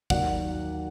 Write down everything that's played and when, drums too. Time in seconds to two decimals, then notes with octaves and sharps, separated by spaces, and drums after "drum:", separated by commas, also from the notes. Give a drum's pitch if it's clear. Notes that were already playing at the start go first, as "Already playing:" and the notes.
0.10 D#2 D#3 F#3 D5 F#5, drum: kick